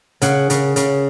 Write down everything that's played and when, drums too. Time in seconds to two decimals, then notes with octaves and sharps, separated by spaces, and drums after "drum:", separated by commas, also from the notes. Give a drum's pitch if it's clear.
0.22 C#3 F#5, drum: hi-hat
0.50 C#3, drum: hi-hat
0.76 C#3, drum: hi-hat